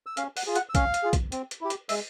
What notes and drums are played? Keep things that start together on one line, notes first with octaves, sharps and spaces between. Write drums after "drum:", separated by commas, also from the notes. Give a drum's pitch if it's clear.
E6
C#4 F5 F6, drum: hi-hat
F#5 F#6, drum: open hi-hat
F4 G#4
F#5 F#6, drum: hi-hat
E6
C#4 F5 F6, drum: kick, hi-hat
drum: hi-hat
F4 G#4
drum: kick, hi-hat
C4, drum: hi-hat
drum: hi-hat
E4 G4
drum: hi-hat
G#3 E5 E6, drum: open hi-hat